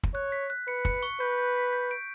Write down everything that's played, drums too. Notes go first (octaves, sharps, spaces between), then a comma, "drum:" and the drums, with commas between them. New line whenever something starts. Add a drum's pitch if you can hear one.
drum: kick
C#5 F#6
B6
F#6
B4 C#7
C#7, drum: kick
C#6
B4 G6
G6
B6
G6
D7